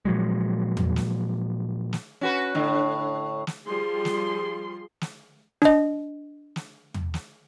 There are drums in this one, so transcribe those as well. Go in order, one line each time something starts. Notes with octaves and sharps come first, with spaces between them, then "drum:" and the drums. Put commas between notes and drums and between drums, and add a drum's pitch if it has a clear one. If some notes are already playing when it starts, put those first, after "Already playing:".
A#2 F3 F#3 G#3
drum: tom
drum: snare
drum: snare
C#4 F#4 B4
A2 D3
drum: snare
F3 G3 G#4 C6
drum: snare
drum: snare
D4 D#5, drum: snare
drum: snare
drum: tom
drum: snare